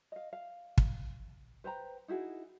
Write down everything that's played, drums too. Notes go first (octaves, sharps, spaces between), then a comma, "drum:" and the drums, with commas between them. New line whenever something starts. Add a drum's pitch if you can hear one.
D#5 F5
F5
drum: kick
B4 C5 G5 A#5
D#4 E4 F#4 G#4